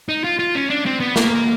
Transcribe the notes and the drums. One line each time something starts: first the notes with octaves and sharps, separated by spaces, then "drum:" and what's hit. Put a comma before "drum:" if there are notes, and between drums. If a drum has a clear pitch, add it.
D#4
F4
F4
C#4
D4
C4
B3
A#3, drum: snare